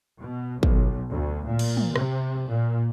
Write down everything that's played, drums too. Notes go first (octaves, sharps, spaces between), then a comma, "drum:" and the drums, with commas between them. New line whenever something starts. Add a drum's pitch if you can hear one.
B2
B1, drum: kick
D2
A#2
drum: cymbal
drum: tom
C3, drum: rim click
A#2